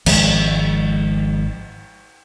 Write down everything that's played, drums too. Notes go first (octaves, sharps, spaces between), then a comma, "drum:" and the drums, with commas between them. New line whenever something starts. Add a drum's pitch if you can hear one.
G#1 F3 G#3, drum: cymbal